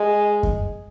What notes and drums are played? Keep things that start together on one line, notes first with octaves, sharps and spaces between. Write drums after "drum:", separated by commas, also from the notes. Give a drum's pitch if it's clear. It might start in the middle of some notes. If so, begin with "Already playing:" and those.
Already playing: G#3
drum: kick F#2